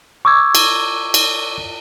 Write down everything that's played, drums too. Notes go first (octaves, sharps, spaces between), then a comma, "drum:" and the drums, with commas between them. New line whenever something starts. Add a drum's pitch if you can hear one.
C#6 D6 E6 G#6
drum: cymbal
drum: cymbal